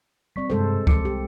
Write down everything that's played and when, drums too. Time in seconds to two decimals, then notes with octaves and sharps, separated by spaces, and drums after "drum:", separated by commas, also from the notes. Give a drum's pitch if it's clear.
0.36 G3 C4 D5 C#6 B6
0.50 G2 C3 G#3 A4 C5
0.87 C2 D6 C#7, drum: kick C#2
1.05 G4